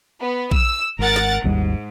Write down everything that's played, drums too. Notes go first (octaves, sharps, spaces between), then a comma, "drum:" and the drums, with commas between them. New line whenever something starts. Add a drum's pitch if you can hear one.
B3
E6, drum: kick A#1
G#1 A#4 F#5 A6
drum: snare
G#1 D#2 G#2 G3